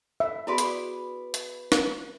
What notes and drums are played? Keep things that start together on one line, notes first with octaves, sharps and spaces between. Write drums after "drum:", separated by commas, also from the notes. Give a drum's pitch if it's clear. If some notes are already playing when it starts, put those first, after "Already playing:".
E5
B3 E4 F#4 G#4 B4 D5
drum: hi-hat
drum: hi-hat
drum: snare